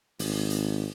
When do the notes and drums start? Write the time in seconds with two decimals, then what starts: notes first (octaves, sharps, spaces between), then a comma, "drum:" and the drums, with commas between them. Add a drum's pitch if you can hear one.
0.19 G#1, drum: open hi-hat
0.50 drum: hi-hat